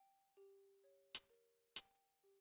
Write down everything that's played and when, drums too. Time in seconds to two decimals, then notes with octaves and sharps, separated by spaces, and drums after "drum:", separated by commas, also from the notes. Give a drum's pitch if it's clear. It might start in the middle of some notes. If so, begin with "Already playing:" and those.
Already playing: G5
0.37 G4
0.84 C#5
1.15 drum: hi-hat
1.30 A#4
1.76 G5, drum: hi-hat
2.23 G4